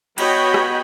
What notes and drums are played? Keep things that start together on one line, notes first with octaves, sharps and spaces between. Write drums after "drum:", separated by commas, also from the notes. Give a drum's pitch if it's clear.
B3 F#4 C#5 D#5 G5 B5, drum: cymbal
drum: rim click